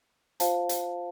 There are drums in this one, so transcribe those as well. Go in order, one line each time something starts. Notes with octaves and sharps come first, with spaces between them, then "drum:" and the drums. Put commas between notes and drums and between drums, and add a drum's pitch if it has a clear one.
F4 C5 F5 A5, drum: hi-hat
drum: hi-hat